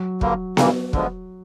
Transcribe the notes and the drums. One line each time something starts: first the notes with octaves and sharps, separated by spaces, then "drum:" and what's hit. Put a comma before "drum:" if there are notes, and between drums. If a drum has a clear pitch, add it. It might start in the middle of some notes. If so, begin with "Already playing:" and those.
Already playing: F#3
G2 D3 G3 A#3, drum: kick
G2 E3 G3 A#3, drum: snare B3
D3 F3 G#3 B3, drum: kick